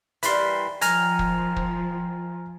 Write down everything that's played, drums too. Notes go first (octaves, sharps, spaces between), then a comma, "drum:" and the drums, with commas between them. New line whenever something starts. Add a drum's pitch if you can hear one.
E3 G3 A#3 B5 C6, drum: hi-hat
D#3 F3 G#5 A#5 F6, drum: hi-hat
drum: kick
drum: kick